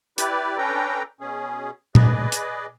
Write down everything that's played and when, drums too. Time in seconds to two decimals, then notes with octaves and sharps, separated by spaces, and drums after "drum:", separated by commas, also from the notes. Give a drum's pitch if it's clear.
0.18 E4 G4 B4 D5, drum: hi-hat
0.58 C#4 D4 A4 B4 G5 A#5
1.20 B2 C#4 G#4
1.95 G#4 B4 D5 D#5, drum: tom A#2
2.32 drum: hi-hat